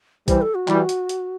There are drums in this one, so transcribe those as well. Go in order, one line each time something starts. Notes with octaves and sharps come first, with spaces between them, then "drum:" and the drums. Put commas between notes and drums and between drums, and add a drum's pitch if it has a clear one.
E3 G3 C5, drum: kick B1, hi-hat
A4
F#4
E3 G3, drum: clap
drum: hi-hat
drum: hi-hat